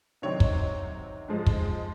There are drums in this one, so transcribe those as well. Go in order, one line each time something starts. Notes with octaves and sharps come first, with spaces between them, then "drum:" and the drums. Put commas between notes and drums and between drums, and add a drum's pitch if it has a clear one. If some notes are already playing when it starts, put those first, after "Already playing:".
C3 D#3 F#3 C4 D#4 C#5
drum: kick
G#2 F3 G#3
drum: kick